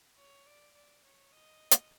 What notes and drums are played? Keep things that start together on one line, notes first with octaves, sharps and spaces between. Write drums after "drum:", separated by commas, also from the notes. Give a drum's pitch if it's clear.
C#5
D5
D5
C#5
D#5
drum: hi-hat